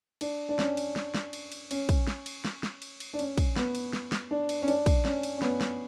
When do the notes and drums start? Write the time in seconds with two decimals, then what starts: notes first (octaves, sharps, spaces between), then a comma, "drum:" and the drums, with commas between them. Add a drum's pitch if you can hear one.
0.21 D4, drum: cymbal
0.49 D4
0.59 C#4, drum: snare
0.77 drum: cymbal
0.96 drum: snare
1.14 drum: snare
1.33 drum: cymbal
1.52 drum: cymbal
1.71 C#4, drum: cymbal
1.89 drum: kick, cymbal
2.07 drum: snare
2.26 drum: cymbal
2.45 drum: snare
2.63 drum: snare
2.82 drum: cymbal
3.00 drum: cymbal
3.13 D4
3.19 C#4, drum: cymbal
3.37 drum: kick, cymbal
3.56 B3, drum: snare
3.75 drum: cymbal
3.93 drum: snare
4.12 drum: snare
4.31 D4
4.49 drum: cymbal
4.62 C#4
4.68 D4, drum: cymbal
4.86 drum: kick, cymbal
5.05 C#4, drum: snare
5.23 drum: cymbal
5.38 C#4
5.42 B3, drum: snare
5.61 drum: snare